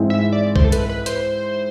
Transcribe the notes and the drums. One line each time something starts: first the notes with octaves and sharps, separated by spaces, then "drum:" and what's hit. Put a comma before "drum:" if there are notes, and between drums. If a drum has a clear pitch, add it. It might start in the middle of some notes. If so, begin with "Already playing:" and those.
Already playing: G#2 E3 G#3 C4 E4
E5
D5
C5, drum: kick C2
A4
B4, drum: hi-hat
B4
C5, drum: hi-hat